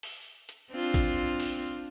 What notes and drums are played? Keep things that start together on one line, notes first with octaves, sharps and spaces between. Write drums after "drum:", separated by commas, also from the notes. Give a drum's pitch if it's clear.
drum: open hi-hat
drum: hi-hat
C4 D4 F4
drum: kick A1, hi-hat
drum: open hi-hat